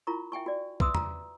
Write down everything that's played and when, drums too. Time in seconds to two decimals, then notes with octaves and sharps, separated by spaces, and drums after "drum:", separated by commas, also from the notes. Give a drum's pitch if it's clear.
0.07 E4 F4 A#4 A#5 C#6
0.32 E5 G5 G#5 C#6
0.46 F#4 D5
0.80 B4 E5 C6 D#6 E6, drum: kick
0.95 A#5, drum: tom E2